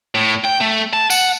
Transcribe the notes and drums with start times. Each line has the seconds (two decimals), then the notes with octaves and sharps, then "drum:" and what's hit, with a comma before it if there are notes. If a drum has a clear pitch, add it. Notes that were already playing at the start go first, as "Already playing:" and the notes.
0.15 A2
0.45 G5
0.61 A3
0.93 A5
1.10 F#5, drum: tambourine